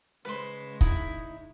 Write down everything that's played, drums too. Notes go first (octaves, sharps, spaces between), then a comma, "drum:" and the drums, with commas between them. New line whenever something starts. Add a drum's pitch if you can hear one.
C#3 G#3 B4 C5
D#4 E4, drum: kick